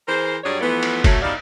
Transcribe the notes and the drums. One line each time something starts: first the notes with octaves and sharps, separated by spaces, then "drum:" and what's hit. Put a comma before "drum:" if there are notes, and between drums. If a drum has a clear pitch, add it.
E3 G#4 A#4 C5
G2 F#3 G3 G#4 C#5 D5
E3 F3 A3 B3
drum: cymbal
F#3 A3, drum: kick, cymbal
B2 D#4 E4 G4 D5 F5